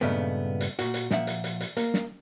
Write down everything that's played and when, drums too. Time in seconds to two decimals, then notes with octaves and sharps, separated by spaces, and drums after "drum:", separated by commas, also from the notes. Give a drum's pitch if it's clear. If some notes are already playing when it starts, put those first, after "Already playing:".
0.01 G2 A#2 C#3 G#3 A3 B3
0.61 drum: hi-hat
0.79 A#2 F#4, drum: hi-hat
0.94 drum: hi-hat
1.11 A#2 F3 E5 F#5, drum: snare
1.27 drum: hi-hat
1.44 drum: hi-hat
1.61 drum: hi-hat
1.77 A#3, drum: hi-hat
1.94 drum: snare